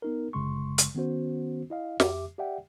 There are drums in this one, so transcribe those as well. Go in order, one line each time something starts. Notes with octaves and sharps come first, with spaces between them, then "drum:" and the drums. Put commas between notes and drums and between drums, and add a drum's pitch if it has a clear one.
B3 D#4 A#4
G1 F#2 C#3 G#3 C6 C#6
drum: hi-hat
D#3 B3 C#4 F#4 C5
E4 D#5 F5
F2 G4 E5 D6, drum: snare
G4 D5 E5 F#5 G5